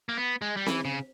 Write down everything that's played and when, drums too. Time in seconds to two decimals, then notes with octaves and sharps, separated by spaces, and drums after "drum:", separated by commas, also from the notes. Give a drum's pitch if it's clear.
0.09 A#3
0.17 B3
0.42 G#3
0.57 G3
0.66 E3, drum: snare C4
0.85 C#3